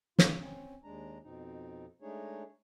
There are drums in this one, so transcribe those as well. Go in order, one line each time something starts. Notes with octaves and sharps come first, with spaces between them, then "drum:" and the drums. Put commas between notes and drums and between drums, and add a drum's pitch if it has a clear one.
G#2 F4, drum: snare
C4 C#4
D#2 G#3 D4 A#5
F2 B2 C4 D#4
G#3 A3 D4 D#4 G#4 C#5